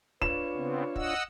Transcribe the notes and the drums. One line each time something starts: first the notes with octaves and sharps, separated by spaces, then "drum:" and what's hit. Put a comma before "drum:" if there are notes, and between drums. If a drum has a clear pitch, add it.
D4 F4 B4 C#5 E7, drum: kick
C#3 B3 C4
D#5 F#5 E6, drum: kick